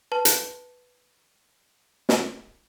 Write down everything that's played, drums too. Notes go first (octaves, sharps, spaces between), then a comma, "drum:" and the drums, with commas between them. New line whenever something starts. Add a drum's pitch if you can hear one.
B4 A5
drum: hi-hat
drum: snare